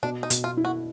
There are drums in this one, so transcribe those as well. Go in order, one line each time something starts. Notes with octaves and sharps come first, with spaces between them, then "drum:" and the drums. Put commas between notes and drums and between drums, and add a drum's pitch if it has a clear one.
B2 D4
D#4
B2, drum: hi-hat
F4
E4
F#4